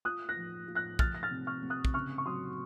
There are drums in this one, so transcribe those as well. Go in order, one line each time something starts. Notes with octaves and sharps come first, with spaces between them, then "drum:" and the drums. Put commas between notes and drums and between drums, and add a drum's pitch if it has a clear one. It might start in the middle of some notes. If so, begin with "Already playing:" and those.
F4 D#6 F#6
F#6 A#6
F3
F4
F#6 A#6
F3 F6 A6, drum: kick A#1
A#6
F6 A6
C3
C#6 F6
C3
D#6 F#6
drum: kick A#1
C#3 C#6 F6
C#6
F#3 C6 D#6